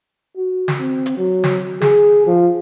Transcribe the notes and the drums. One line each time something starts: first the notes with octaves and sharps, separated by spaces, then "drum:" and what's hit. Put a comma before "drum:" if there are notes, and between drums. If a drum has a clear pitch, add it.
F#4
drum: snare
C4
drum: hi-hat
F#3
drum: snare
G#4, drum: snare
F3